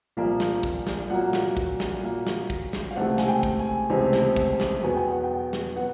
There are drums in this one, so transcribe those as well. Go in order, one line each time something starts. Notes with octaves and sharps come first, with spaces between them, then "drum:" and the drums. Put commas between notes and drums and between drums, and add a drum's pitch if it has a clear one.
C2 A#2 F3 A#3
drum: snare
drum: kick
drum: snare
A#2 F#3 A#3 F#5
drum: snare
drum: kick
drum: snare
A#2 F#3 A#3
drum: snare
drum: kick
drum: snare
F5
C#2 C3 E3 A3 C4 F#5
G#5, drum: snare
G5
drum: kick
G#5
C#2 C3 E3 A3 C4
drum: snare
drum: kick
drum: snare
E2 B2 F#3 B3 G#5
G5
F#5
G5
drum: snare
B2 F#3 B3 F#5